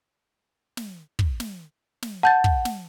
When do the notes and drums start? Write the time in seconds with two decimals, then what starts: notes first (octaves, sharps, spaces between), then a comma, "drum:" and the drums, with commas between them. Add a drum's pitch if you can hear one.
0.77 drum: snare
1.19 drum: kick
1.40 drum: snare
2.02 drum: snare
2.23 F#5 A5 G6 A6
2.44 drum: kick
2.65 drum: snare